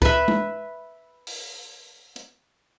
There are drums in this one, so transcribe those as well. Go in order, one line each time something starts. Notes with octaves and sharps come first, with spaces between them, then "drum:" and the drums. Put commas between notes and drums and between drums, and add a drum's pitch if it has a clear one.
B4 E5, drum: kick C#2
drum: tom G#3
drum: open hi-hat
drum: hi-hat